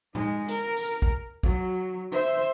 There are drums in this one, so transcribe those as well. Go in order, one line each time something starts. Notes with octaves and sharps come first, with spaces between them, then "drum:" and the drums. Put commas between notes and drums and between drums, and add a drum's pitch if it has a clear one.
G#3 D#4, drum: tom A2
A#4, drum: hi-hat
drum: tambourine
drum: kick
F#3, drum: kick
C5 E5